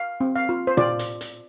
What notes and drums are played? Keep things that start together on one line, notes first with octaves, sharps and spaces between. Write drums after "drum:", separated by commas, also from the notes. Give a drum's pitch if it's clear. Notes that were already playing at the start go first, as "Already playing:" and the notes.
Already playing: F5
C4
F5
F4
C5
F4 D5, drum: tom A#2
drum: hi-hat
drum: hi-hat